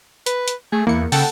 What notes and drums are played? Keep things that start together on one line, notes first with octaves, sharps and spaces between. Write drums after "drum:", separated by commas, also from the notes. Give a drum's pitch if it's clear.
B4, drum: hi-hat
drum: hi-hat
A3 G#4
E2 A#3 E4 C#7
C#3 A4 F#5 G5 A5, drum: open hi-hat